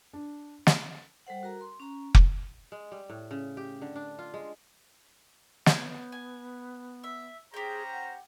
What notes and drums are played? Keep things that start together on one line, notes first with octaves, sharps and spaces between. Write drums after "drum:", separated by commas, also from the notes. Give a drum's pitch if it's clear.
D4
drum: snare
G3 A4 C5 F#5
F#4 A#4 A#5
C6
C#4 A#5
drum: kick F1
G#3
G3
A2
C#3
G4
D3
D4
F4
G#3
B3 C#5 G6, drum: snare
G#5
E5
C#4 G4 G#4 C5 G5 A#5
F#5